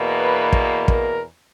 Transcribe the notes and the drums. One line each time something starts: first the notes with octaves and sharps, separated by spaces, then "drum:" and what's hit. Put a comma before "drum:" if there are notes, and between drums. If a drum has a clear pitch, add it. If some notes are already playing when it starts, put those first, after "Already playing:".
Already playing: E2 B2 A#3
B4
drum: kick
A#4, drum: kick